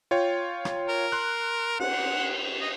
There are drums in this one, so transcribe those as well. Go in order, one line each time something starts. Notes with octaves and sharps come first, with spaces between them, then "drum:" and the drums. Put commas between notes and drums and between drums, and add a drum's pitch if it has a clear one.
F4 C#5 G5
drum: rim click
A#4
C6 F#6
F#5, drum: cymbal
D#5